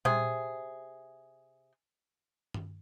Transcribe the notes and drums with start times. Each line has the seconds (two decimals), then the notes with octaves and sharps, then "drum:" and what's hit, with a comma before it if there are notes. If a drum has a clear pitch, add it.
0.05 C3 G#4, drum: tom A#2
2.54 drum: tom G2